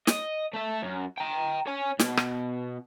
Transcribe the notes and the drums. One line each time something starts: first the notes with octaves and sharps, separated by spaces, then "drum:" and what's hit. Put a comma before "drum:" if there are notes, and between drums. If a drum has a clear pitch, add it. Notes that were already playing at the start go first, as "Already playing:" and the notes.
D#5, drum: snare
A3 E5
F#2
G5 A#5
C#5 G#5
B2, drum: snare
drum: rim click